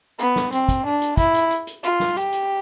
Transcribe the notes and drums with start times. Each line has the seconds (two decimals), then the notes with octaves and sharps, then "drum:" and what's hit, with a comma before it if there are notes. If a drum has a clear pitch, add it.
0.19 B3, drum: hi-hat
0.36 drum: snare
0.52 C4, drum: hi-hat
0.69 drum: kick, hi-hat
0.85 D4
1.01 drum: hi-hat
1.17 E4, drum: kick, hi-hat
1.34 drum: hi-hat
1.51 drum: hi-hat
1.67 drum: hi-hat
1.83 F4, drum: hi-hat
2.00 drum: snare
2.17 G4, drum: hi-hat
2.33 drum: hi-hat